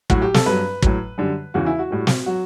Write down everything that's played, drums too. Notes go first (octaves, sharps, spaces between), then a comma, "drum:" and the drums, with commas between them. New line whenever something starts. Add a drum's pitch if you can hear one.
A2 F#3 F#4, drum: kick
G4
A4, drum: snare
G2 F#3 B4
A2 F#3, drum: kick
F#2 D3 G3
E2 C#3 E3 F#4
E4
F#4
A2 G3
drum: snare
F#3 F#4